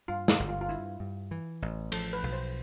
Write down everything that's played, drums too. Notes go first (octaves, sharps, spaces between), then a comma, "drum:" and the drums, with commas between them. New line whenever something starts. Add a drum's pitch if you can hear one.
G2 F4
F4, drum: snare
G1
F4
F4
G2 E4
G2
E3
A1
F3 A4, drum: cymbal
B4
B1
C5